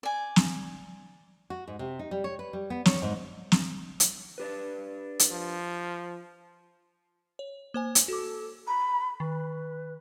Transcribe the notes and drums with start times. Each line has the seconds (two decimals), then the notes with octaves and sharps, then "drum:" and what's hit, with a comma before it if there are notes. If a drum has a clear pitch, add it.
0.03 D5 G#5
0.36 drum: snare
1.50 F#4
1.67 G#2
1.79 C3
1.99 D#4
2.11 G3
2.24 C#5
2.39 B4
2.53 G3
2.70 B3
2.86 C#5, drum: snare
3.02 G#2
3.52 drum: snare
4.00 drum: hi-hat
4.38 D4 G4 B4
5.19 drum: hi-hat
5.31 F3
7.39 C#5
7.74 A#3 C5 G#5
7.95 drum: hi-hat
8.08 F#4 A4 D6
8.67 A#5 B5
9.20 D#3 B4